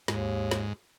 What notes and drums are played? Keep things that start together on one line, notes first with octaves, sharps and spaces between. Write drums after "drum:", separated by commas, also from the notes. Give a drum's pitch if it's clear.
D#2 G#2, drum: snare
drum: snare